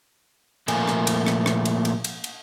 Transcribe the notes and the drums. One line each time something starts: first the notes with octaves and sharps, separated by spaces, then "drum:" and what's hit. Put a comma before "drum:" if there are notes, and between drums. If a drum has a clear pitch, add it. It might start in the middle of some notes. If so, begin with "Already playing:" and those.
A#2 F3 A3 A#3 G#5, drum: cymbal
drum: rim click
drum: cymbal
drum: rim click
drum: rim click
drum: cymbal
drum: cymbal
drum: cymbal
drum: cymbal